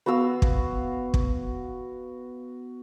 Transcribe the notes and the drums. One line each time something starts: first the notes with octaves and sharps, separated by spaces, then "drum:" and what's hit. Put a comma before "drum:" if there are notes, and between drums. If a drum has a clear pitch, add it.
B3 F#4 F5 E6
drum: kick
drum: kick